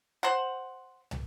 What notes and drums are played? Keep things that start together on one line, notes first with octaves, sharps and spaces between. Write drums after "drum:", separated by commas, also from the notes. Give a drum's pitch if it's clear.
C5 F#5
drum: tom